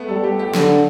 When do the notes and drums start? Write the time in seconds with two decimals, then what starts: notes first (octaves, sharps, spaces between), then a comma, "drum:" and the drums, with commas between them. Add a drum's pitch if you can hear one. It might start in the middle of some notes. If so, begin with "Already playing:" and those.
Already playing: A3 B3
0.08 G3 A4
0.23 G4
0.39 G4
0.55 D3 A4, drum: snare